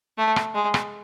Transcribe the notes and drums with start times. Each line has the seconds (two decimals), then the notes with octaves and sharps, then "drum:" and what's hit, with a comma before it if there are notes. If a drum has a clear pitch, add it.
0.18 A3
0.36 drum: rim click
0.55 G#3
0.74 drum: rim click